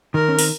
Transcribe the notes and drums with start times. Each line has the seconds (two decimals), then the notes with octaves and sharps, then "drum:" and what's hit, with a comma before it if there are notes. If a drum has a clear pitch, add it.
0.14 D#3 A#4
0.29 C#4
0.39 C4, drum: open hi-hat